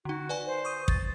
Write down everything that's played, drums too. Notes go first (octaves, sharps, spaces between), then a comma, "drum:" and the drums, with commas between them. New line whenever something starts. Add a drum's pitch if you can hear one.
D3 D#4 F#4
B4 D5 G#5
C5
C#6 D#6 D#7
A6, drum: kick